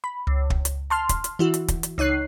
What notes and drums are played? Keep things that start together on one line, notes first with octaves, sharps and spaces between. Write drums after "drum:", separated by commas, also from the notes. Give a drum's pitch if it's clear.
B5
C#2
drum: kick
drum: hi-hat
A5 C6 F6
drum: kick, hi-hat
drum: hi-hat
E3 E4 F#4
drum: hi-hat
drum: kick, hi-hat
drum: hi-hat
C#2 D#4 C#5 F#6 C7